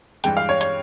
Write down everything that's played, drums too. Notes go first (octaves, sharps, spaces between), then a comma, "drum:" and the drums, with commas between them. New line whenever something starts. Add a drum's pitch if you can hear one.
G2 E3 G#3 G5, drum: hi-hat
F5
C#5
C#5, drum: hi-hat